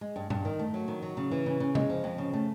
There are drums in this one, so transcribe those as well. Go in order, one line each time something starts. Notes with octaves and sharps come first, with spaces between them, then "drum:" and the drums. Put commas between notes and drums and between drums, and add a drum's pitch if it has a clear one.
G#3
G2
G2, drum: tom A2
D#3
A3
F#3
D#3
F#3
C#3
E3
C#3
C#3
G#3, drum: tom
F3
F2
C#3
A3